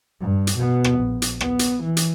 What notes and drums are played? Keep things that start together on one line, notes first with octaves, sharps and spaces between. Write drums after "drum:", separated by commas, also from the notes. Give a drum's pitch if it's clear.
G2
drum: hi-hat
B2 B3
drum: rim click
A#1
drum: hi-hat
B3, drum: rim click
drum: hi-hat
E3
drum: hi-hat